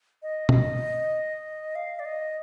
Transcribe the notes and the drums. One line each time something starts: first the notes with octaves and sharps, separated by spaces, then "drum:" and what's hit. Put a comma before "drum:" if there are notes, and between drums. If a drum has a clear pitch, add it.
D#5
drum: tom B2
F5
D5
D#5